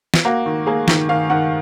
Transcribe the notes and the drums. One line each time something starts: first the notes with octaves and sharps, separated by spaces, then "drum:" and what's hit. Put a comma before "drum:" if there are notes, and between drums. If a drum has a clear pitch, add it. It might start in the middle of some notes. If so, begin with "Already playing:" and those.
drum: snare
A#3 F#4
D#3
A#3 G#4
D#3, drum: snare
D#3 F5
D#3 F#5